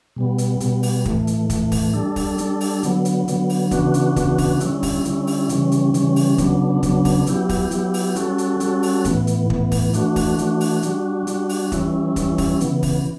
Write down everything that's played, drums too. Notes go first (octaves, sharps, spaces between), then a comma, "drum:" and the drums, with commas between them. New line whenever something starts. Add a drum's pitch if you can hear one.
B2 G3 B3
drum: hi-hat
B2 G3 B3, drum: hi-hat
drum: open hi-hat
A2 E3 A3, drum: kick
drum: hi-hat
A2 E3 A3, drum: kick, hi-hat
drum: kick, open hi-hat
G3 D4 A4
drum: kick, open hi-hat
G3 D4 A4, drum: hi-hat
drum: open hi-hat
D3 F#3 B3, drum: hi-hat
drum: hi-hat
D3 F#3 B3, drum: hi-hat
drum: open hi-hat
C#3 E3 B3 D4 F#4, drum: kick, hi-hat
drum: hi-hat
C#3 E3 B3 D4 F#4, drum: kick, hi-hat
drum: kick, open hi-hat
D3 G3 C#4 E4, drum: hi-hat
drum: kick, open hi-hat
D3 G3 C#4 E4, drum: hi-hat
drum: open hi-hat
C#3 E3 G3 C#4, drum: hi-hat
drum: hi-hat
C#3 E3 G3 C#4, drum: hi-hat
drum: open hi-hat
C#3 F#3 B3 D4, drum: kick, hi-hat
C#3 F#3 B3 D4, drum: kick, hi-hat
drum: kick, open hi-hat
F#3 B3 E4 G4, drum: hi-hat
drum: kick, open hi-hat
F#3 B3 E4 G4, drum: hi-hat
drum: open hi-hat
G3 C#4 F#4 A4, drum: hi-hat
drum: hi-hat
G3 C#4 F#4 A4, drum: hi-hat
drum: open hi-hat
A2 E3 B3, drum: kick, hi-hat
drum: hi-hat
A2 E3 B3, drum: kick
drum: kick, open hi-hat
E3 A3 D4 F#4, drum: hi-hat
drum: kick, open hi-hat
E3 A3 D4 F#4, drum: hi-hat
drum: open hi-hat
G3 D4 F#4, drum: hi-hat
G3 D4 F#4, drum: hi-hat
drum: open hi-hat
E3 G3 C#4 E4, drum: kick, hi-hat
E3 G3 C#4 E4, drum: kick, hi-hat
drum: kick, open hi-hat
C#3 E3 B3, drum: hi-hat
drum: kick, open hi-hat